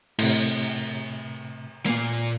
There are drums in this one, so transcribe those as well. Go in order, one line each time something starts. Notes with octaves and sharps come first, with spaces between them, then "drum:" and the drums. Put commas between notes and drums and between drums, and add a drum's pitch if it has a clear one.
A2 C3, drum: cymbal
A#2 A#3, drum: hi-hat